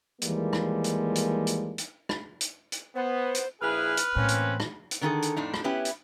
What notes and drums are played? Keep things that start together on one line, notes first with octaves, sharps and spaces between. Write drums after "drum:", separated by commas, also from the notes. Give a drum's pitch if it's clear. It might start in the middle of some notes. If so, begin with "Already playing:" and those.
D#2 E3 F3 G3 G#3 A#3, drum: hi-hat
drum: rim click
drum: hi-hat
drum: hi-hat
drum: hi-hat
drum: hi-hat
drum: rim click
drum: hi-hat
drum: hi-hat
B3 C5
drum: hi-hat
A#1 E4 G#4 B4 F6
drum: hi-hat
A2 E3 A#3 C4 C#4
drum: hi-hat
drum: rim click
drum: hi-hat
D3 D#3 C4 E4 G#4 A4
drum: hi-hat
F2 A2 D4 D#4
drum: rim click
B3 C#4 E4 G4 B4
drum: hi-hat